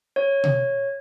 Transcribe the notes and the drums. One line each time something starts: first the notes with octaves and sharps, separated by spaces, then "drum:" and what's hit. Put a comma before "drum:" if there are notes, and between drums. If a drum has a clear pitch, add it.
C#5
drum: tom B2